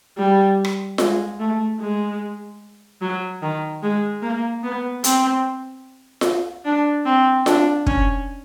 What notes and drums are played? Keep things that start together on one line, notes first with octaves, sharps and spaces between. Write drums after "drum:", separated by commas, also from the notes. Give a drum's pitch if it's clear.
G3
drum: rim click
G#3, drum: snare F4
A3
G#3
F#3
D#3
G#3
A#3
B3
C4, drum: hi-hat
drum: snare F4
D4
C4
D4, drum: snare F4
C#4, drum: kick